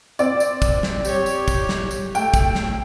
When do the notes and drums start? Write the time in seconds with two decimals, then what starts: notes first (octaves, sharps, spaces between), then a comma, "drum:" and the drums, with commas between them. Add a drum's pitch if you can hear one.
0.19 C4 D5, drum: tambourine
0.40 drum: tambourine
0.62 drum: kick, tambourine
0.83 drum: snare
1.05 G4 C#5, drum: tambourine
1.26 drum: tambourine
1.48 drum: kick, tambourine
1.69 drum: snare
1.91 drum: tambourine
2.15 A3 G5, drum: tambourine
2.34 drum: kick, tambourine
2.55 drum: snare